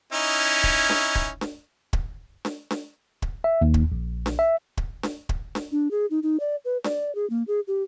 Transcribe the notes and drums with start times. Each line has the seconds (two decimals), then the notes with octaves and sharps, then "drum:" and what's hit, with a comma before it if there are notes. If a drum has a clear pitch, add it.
0.12 C#4 D#4 E4
0.64 drum: kick
0.89 drum: snare D4
1.15 drum: kick
1.41 drum: snare D4
1.93 drum: kick
2.45 drum: snare D4
2.71 drum: snare D4
3.22 drum: kick
3.44 E5
3.61 D#2
3.74 drum: kick
3.92 A#1
4.26 drum: snare D4
4.39 E5
4.77 drum: kick
5.03 drum: snare D4
5.29 drum: kick
5.55 drum: snare D4
5.72 D4
5.91 G#4
6.11 D#4
6.23 D#4
6.40 D5
6.65 B4
6.84 D5, drum: snare D4
7.15 G#4
7.30 A#3
7.48 G#4
7.68 G4